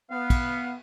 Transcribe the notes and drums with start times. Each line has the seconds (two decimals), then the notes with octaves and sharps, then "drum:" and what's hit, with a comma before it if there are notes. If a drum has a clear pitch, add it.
0.11 B3 F5
0.30 drum: kick, cymbal